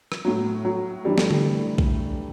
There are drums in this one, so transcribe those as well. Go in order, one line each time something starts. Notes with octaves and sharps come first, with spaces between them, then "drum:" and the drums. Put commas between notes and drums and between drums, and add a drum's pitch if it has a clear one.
drum: rim click
A2 F#3
F#3
G2 E3 G3
A3, drum: snare
G3, drum: tom D3
drum: kick B1